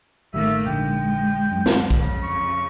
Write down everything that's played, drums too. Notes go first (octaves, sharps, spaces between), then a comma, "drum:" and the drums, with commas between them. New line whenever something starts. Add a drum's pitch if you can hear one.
A1 D#3 G3 A3 A#3 E5
A#1 G#2 D3 G#3 G5
F#2
drum: snare
F2 C#3, drum: kick
C#6